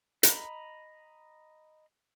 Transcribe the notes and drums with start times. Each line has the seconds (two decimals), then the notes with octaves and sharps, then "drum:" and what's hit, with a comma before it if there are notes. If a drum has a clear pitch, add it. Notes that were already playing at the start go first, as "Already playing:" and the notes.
0.23 D#5 A#5 B5, drum: hi-hat